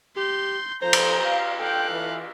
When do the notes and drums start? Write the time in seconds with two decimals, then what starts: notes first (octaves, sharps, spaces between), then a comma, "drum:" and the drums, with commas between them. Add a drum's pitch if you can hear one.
0.16 G4 C6 G6
0.82 F3 A4 C5 A#5 G6
0.93 drum: cymbal
1.24 F5
1.60 A4 F5 G5 F#6
1.90 E3